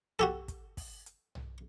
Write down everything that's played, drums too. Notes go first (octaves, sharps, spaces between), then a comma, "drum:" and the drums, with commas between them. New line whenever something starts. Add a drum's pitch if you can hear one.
F#4 G4 A4, drum: tom B1
drum: kick, hi-hat
drum: kick, open hi-hat
drum: hi-hat
drum: tom B1